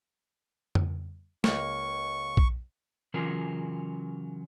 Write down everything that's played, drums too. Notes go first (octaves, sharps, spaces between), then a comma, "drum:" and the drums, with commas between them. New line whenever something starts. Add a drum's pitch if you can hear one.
drum: tom F2
C#2 A#3 C#6, drum: snare
drum: kick A#1
C#3 E3 F#3 C#4 F4 A#4